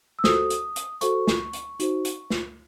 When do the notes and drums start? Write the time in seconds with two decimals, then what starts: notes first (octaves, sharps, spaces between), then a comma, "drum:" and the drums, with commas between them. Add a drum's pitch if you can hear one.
0.19 E6
0.24 F#4 A4 C5 D#6, drum: snare
0.50 drum: hi-hat
0.76 drum: hi-hat
1.01 F#4 A4 C5 C#6, drum: hi-hat
1.27 drum: snare
1.53 drum: hi-hat
1.80 D#4 F#4 C5, drum: hi-hat
2.05 drum: hi-hat
2.30 drum: snare